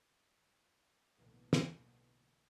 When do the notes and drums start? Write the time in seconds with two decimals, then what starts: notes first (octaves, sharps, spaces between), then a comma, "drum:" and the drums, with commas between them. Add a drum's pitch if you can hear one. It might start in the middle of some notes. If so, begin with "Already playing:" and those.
1.16 B1 A2 D3 E3 A#3 B3
1.53 drum: snare